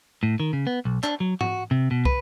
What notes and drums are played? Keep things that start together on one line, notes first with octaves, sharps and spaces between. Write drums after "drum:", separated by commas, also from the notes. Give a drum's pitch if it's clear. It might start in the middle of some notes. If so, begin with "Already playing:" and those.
A2
D#3
C#3
B3
B1
D4, drum: clap
F#3
F#4, drum: tom G#2
C3
B2
B4, drum: kick